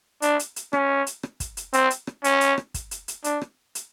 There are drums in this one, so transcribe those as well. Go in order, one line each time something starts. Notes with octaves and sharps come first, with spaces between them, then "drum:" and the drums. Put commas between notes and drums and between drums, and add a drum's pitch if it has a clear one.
D4, drum: hi-hat
drum: hi-hat
drum: hi-hat
C#4, drum: rim click
drum: hi-hat
drum: rim click
drum: kick, hi-hat
drum: hi-hat
C4, drum: hi-hat
drum: hi-hat
drum: rim click
C#4, drum: hi-hat
drum: hi-hat
drum: rim click
drum: kick, hi-hat
drum: hi-hat
drum: hi-hat
D4, drum: hi-hat
drum: rim click
drum: hi-hat